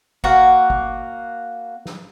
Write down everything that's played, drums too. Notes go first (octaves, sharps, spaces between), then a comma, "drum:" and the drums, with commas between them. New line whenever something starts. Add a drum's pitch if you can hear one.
A#3 F#4, drum: kick G1
drum: kick G1
drum: snare